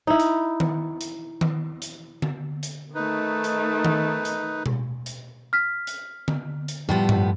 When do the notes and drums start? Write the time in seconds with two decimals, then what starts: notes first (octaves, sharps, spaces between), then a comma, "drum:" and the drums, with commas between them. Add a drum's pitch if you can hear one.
0.07 D#4 E4
0.20 drum: hi-hat
0.60 drum: tom D#3
1.01 drum: hi-hat
1.41 drum: tom D#3
1.82 drum: hi-hat
2.22 drum: tom D3
2.63 drum: hi-hat
2.95 D#3 A3 D#4 B4
3.44 drum: hi-hat
3.85 drum: tom D#3
4.25 drum: hi-hat
4.66 drum: tom B2
5.06 drum: hi-hat
5.53 F6 B6
5.87 drum: hi-hat
6.28 drum: tom D3
6.68 drum: hi-hat
6.89 A2 F3 G3 B3
7.09 drum: tom G2